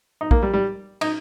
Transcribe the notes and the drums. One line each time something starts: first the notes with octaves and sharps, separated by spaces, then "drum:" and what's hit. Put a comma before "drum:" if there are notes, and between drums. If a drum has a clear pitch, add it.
D#4
A#3, drum: kick
G3
G3
D#4, drum: cymbal